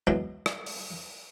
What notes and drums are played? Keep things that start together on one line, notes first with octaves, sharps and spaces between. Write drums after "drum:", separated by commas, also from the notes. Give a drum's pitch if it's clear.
E2 B2 E3 F#3 G#3
drum: rim click
drum: open hi-hat